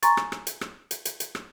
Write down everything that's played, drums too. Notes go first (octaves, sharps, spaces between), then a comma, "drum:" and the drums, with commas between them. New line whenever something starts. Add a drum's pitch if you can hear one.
G#5 A#5 C6 C#6 A6, drum: hi-hat
drum: rim click
drum: rim click
drum: hi-hat
drum: rim click
drum: hi-hat
drum: hi-hat
drum: hi-hat
drum: rim click